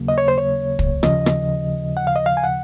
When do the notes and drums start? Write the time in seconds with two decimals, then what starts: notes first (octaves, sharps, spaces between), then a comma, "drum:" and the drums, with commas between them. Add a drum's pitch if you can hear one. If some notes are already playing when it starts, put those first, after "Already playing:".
Already playing: D#2 C#3 F#3 A#3
0.08 D#5
0.18 C#5
0.28 C5
0.38 C#5
0.79 drum: kick
1.03 D#2 C#3 F3 D#5, drum: rim click
1.26 drum: rim click
1.97 F#5
2.07 F5
2.16 D#5
2.26 F5
2.37 G#5
2.44 F#5